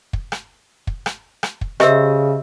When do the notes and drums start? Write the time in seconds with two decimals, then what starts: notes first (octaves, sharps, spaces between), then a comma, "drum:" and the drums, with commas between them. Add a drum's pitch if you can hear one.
0.13 drum: kick
0.32 drum: rim click
0.87 drum: kick
1.06 drum: rim click
1.43 drum: rim click
1.61 drum: kick
1.80 C#3 G4 C5 D#5 E5 E6, drum: rim click